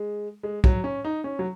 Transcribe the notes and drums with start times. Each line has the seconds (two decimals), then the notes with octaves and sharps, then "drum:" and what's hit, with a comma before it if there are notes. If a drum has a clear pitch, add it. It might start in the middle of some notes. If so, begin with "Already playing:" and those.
Already playing: G#3
0.43 G#3
0.64 F#3, drum: kick
0.84 C#4
1.05 D#4
1.24 C#4
1.39 F#3